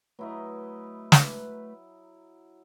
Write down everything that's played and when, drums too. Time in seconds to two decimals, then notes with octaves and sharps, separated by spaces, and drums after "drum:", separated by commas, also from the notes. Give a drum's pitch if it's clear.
0.19 F#3 A3 E4 B4 D#5
1.12 drum: snare